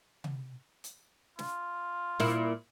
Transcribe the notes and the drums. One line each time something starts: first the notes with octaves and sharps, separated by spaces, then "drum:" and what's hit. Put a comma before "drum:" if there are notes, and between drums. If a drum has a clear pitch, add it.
drum: tom C3
drum: hi-hat
F4, drum: snare
A#2 E4, drum: snare